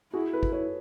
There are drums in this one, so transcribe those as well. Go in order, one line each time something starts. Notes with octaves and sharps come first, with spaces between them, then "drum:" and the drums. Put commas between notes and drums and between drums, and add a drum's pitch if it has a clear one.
E4 F#4 G#4
A4 B4
drum: kick
B4 C#5